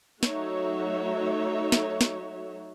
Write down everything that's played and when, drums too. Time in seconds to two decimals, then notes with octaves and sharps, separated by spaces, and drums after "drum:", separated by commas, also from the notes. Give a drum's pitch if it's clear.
0.23 F#3 A3 D#4 F#4 C#5 E5, drum: snare
1.72 drum: snare
2.01 drum: snare